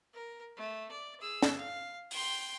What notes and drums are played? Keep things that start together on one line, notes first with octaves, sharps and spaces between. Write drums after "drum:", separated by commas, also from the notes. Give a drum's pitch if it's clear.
A#4
A3
D5
G#4 E6
drum: snare
F5
G5 C6, drum: open hi-hat